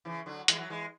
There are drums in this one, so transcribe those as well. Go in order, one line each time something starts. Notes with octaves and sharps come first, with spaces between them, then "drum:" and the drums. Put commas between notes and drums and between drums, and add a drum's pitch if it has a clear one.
C#3 E3
D3 F#3
E3 G#3, drum: hi-hat
F#3
E3 G#3